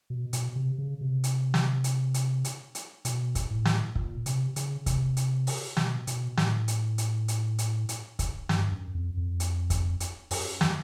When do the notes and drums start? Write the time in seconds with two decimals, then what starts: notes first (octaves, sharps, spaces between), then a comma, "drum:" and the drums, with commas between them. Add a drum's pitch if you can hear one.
0.10 B2
0.33 B2, drum: hi-hat
0.56 C3
0.78 C#3
1.01 C3
1.24 drum: hi-hat
1.54 drum: snare
1.84 drum: hi-hat
2.14 drum: hi-hat
2.45 drum: hi-hat
2.75 drum: hi-hat
3.05 B2, drum: hi-hat
3.35 drum: kick, hi-hat
3.50 A2
3.65 drum: snare
3.95 A#2, drum: kick
4.26 C3, drum: hi-hat
4.56 C#3, drum: hi-hat
4.86 C3, drum: kick, hi-hat
5.17 drum: hi-hat
5.47 drum: open hi-hat
5.77 B2, drum: snare
6.07 B2, drum: hi-hat
6.37 A2, drum: snare
6.68 drum: hi-hat
6.98 drum: hi-hat
7.28 drum: hi-hat
7.58 drum: hi-hat
7.89 drum: hi-hat
8.19 drum: kick, hi-hat
8.49 G2, drum: snare
8.71 F#2
8.95 F2
9.17 F2
9.40 drum: hi-hat
9.70 drum: kick, hi-hat
10.00 drum: hi-hat
10.31 F#2, drum: open hi-hat
10.61 drum: snare